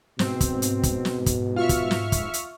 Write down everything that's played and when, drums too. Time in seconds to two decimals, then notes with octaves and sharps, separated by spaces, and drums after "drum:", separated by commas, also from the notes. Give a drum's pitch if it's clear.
0.19 G#2 B2 C4, drum: snare
0.41 drum: kick, hi-hat
0.62 drum: hi-hat
0.83 drum: kick, hi-hat
1.05 drum: snare
1.26 drum: kick, hi-hat
1.56 F4 E5 C#6 F6
1.69 drum: kick, hi-hat
1.91 drum: snare
2.12 drum: kick, hi-hat
2.34 drum: hi-hat